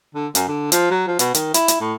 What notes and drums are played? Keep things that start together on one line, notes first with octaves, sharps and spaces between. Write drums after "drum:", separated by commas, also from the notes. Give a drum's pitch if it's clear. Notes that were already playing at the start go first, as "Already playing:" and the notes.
D3
F#2, drum: hi-hat
D3
F3, drum: hi-hat
F#3
F3
B2, drum: hi-hat
D#3, drum: hi-hat
E4, drum: hi-hat
drum: hi-hat
A2